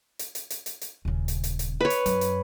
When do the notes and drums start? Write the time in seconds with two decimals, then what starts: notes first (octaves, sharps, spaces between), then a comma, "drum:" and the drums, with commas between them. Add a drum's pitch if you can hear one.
0.19 drum: hi-hat
0.35 drum: hi-hat
0.50 drum: hi-hat
0.66 drum: hi-hat
0.81 drum: hi-hat
1.05 D#1 C#3
1.28 drum: hi-hat
1.44 drum: hi-hat
1.59 drum: hi-hat
1.81 B4 C#5
1.90 drum: hi-hat
2.06 F#2, drum: hi-hat
2.21 drum: hi-hat